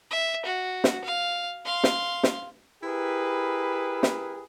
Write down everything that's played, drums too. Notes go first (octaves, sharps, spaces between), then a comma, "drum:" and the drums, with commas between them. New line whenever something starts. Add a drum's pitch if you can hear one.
E5
F#4
drum: snare
F5
F5 C6
drum: snare
drum: snare
E4 G4 G#4 A#4 B4
drum: snare